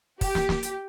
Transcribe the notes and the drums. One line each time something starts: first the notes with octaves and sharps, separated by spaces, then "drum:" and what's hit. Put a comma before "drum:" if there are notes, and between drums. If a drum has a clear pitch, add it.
G4, drum: kick, open hi-hat
drum: snare
drum: snare
drum: hi-hat